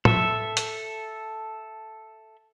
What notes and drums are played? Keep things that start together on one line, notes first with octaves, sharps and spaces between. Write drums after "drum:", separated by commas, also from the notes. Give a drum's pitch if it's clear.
A4 E5, drum: tom A2
drum: hi-hat